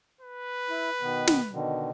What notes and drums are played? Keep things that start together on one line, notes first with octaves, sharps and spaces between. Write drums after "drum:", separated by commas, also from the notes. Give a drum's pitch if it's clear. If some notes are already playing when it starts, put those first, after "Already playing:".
B4
E4
B2 D#3 B3
drum: snare
B2 D3 D#3